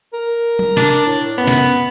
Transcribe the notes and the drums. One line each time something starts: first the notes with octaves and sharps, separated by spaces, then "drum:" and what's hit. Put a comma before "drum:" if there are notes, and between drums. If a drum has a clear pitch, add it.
A#4
drum: tom
D4, drum: snare
A2
F#2 B3
drum: snare